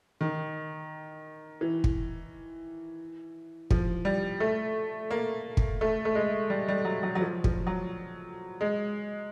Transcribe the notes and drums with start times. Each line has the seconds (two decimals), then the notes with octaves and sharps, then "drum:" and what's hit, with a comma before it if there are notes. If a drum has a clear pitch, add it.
0.21 D#3
1.61 E3
1.84 drum: kick
3.71 F3, drum: kick
4.05 G3
4.40 A3
5.10 A#3
5.57 drum: kick
5.81 A3
6.05 A3
6.15 G#3
6.50 G3
6.68 G3
6.85 F#3
7.03 F#3
7.15 F#3
7.21 F3
7.44 F3, drum: kick
7.67 F#3
8.61 G#3